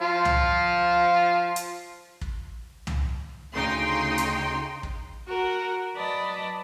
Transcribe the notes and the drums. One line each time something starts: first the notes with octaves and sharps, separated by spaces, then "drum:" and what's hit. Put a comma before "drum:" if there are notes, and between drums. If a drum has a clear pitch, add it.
F3 F4
drum: tom
drum: hi-hat
drum: kick
drum: tom
D2 C#3 D#4 G5 C6
drum: hi-hat
drum: kick
F#4 A#4 F#5
F#3 B4 D5 D#5 A5